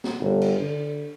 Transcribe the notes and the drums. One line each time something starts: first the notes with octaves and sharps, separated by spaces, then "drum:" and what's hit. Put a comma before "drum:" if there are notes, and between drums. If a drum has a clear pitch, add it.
drum: snare
G1
drum: cymbal
D3